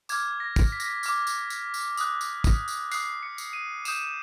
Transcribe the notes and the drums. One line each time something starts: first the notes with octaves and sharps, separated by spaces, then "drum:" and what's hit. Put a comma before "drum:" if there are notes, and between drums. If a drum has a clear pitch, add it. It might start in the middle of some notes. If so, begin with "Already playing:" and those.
D6 F6 G#6, drum: tambourine
A#6
drum: kick, tambourine
B6
A#6, drum: tambourine
B6
D6 F6, drum: tambourine
drum: tambourine
drum: tambourine
drum: tambourine
D#6 F#6, drum: tambourine
drum: tambourine
drum: kick, tambourine
drum: tambourine
D#6 F#6 C7, drum: tambourine
C#7
drum: tambourine
D#7
D#6 G6 E7, drum: tambourine